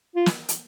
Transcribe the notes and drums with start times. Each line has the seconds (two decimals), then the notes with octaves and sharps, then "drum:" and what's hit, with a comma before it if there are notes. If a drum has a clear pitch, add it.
0.16 F4
0.26 drum: snare
0.49 drum: hi-hat